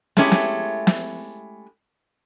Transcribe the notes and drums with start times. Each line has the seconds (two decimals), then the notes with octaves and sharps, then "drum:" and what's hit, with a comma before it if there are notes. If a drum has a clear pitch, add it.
0.17 G#3 A3 C#4 E4 G4, drum: snare
0.32 drum: snare
0.87 drum: snare